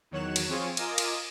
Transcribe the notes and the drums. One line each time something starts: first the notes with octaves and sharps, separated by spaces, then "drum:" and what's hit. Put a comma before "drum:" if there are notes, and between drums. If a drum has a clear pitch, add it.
E2 D#3 F#3 C#5 F#6 E7
drum: cymbal
F3 C4 F4 G#4 C#5
F4 A#4 D#5 G#5 D6 D#6, drum: cymbal
drum: cymbal